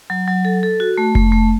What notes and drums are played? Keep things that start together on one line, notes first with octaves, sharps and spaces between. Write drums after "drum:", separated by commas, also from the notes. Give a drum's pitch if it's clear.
F#3
F#3
A4
A4
F#4
A3
A3, drum: kick F1
A3